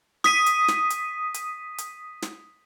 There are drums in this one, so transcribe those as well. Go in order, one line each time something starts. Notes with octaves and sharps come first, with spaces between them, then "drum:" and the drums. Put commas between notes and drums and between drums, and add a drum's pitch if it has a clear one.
D#6 B6 D#7, drum: snare
drum: hi-hat
drum: snare
drum: hi-hat
drum: hi-hat
drum: hi-hat
drum: snare